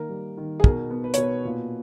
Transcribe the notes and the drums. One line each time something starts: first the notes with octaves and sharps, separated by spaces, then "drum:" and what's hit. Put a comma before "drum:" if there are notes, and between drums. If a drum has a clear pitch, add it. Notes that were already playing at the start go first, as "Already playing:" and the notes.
Already playing: D#3 A#3 A#4
G3
D#3
G#4
B2 A#4, drum: kick
B3
B4
B2 C#5, drum: hi-hat
B4
A#2